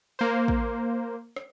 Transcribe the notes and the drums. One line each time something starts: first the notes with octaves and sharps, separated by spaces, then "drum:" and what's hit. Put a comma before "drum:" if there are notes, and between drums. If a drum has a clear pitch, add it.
A#3 C5
drum: kick
drum: rim click